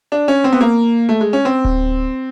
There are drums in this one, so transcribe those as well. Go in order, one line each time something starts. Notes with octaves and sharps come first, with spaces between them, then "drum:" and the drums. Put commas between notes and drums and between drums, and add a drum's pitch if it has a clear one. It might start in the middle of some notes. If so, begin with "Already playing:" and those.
D4
C#4
C4
B3
A#3
A3
G#3
C#4
C4
drum: kick D1